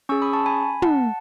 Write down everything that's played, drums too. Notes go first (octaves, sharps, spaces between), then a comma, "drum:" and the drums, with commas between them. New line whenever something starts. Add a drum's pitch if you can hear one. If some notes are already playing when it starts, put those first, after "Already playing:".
C#4 G#4 C#6 E6
B5 D#6
A5 C#6
G#5 B5
F#5 A5, drum: tom